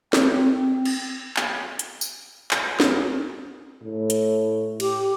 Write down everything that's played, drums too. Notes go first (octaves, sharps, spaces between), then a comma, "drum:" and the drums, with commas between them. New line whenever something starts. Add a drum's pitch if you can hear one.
C4, drum: snare
drum: cymbal
drum: clap
drum: hi-hat
drum: tambourine
drum: clap
drum: snare
A2
drum: hi-hat
G4, drum: cymbal